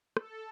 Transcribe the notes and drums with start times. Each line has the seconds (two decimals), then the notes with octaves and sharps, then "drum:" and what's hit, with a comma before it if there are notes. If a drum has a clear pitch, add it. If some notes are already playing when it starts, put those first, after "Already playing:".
0.17 A4, drum: rim click